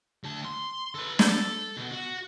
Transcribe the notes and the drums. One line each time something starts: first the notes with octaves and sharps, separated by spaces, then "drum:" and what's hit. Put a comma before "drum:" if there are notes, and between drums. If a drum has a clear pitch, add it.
D2 A5
C6
A4 B4
A4, drum: snare
B2
F#4